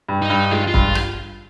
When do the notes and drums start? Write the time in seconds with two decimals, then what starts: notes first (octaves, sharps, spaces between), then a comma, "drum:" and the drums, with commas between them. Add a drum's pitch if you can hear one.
0.09 G2
0.22 D#4
0.30 G2
0.51 G#3 F4
0.68 F4
0.74 G2, drum: kick
0.95 drum: rim click